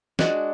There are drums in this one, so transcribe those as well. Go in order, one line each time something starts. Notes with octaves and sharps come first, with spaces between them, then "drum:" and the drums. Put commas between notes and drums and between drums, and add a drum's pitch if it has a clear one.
G#3 D4 F#4, drum: snare